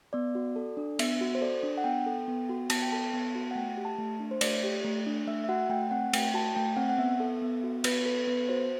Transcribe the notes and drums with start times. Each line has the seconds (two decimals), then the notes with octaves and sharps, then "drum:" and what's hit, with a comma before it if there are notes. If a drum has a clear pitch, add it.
0.13 B3 D5
0.35 F#4
0.56 A4
0.77 D4
0.99 B3 E5, drum: cymbal
1.21 F#4
1.35 C5
1.41 A4 D5
1.63 D4
1.78 F#5
1.84 B3 G5
2.06 A4
2.28 B3
2.49 F#4
2.70 B3 A5, drum: cymbal
2.82 G5
2.92 A4 A5
3.13 B3
3.35 F#4
3.51 F#5
3.55 A3 G5
3.77 G4
3.85 A5
3.99 A3
4.20 D4
4.31 C5
4.41 A3 D5, drum: cymbal
4.63 G4
4.85 A3
5.07 D4
5.27 A3 E5
5.44 E5
5.49 F#4 F#5
5.70 A3 G5
5.91 C4 F#5
6.13 A3 G5, drum: cymbal
6.25 G5
6.34 F#4 A5
6.55 A3 G5
6.77 C4 F#5
6.89 F#5
6.98 B3 E5
7.20 A4
7.42 B3
7.64 F#4
7.84 B3 B4, drum: cymbal
8.05 A4 B4
8.27 B3 B4
8.49 F#4 C5